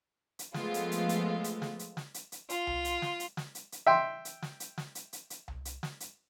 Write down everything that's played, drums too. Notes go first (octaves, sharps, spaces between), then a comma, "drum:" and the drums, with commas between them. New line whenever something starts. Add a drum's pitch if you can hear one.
drum: hi-hat
F3 G#3 A3 B3 F4, drum: snare
drum: hi-hat
drum: hi-hat
drum: hi-hat
drum: hi-hat
drum: snare
drum: hi-hat
drum: snare
drum: hi-hat
drum: hi-hat
F4, drum: hi-hat
drum: tom C2
drum: hi-hat
drum: snare
drum: hi-hat
drum: snare
drum: hi-hat
drum: hi-hat
E5 G5 C6
drum: hi-hat
drum: snare
drum: hi-hat
drum: snare
drum: hi-hat
drum: hi-hat
drum: hi-hat
drum: tom C2
drum: hi-hat
drum: snare
drum: hi-hat